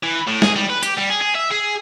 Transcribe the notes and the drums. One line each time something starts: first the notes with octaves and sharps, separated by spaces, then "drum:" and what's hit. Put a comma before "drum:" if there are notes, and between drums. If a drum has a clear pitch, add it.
E3
A2
G#4, drum: snare
G3
B4
G4, drum: hi-hat
G3
G#4
G#4
E5
G#4